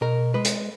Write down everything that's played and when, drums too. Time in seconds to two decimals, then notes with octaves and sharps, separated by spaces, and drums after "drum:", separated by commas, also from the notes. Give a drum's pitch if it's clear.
0.01 B2 A#4
0.34 G#3 B4
0.45 drum: hi-hat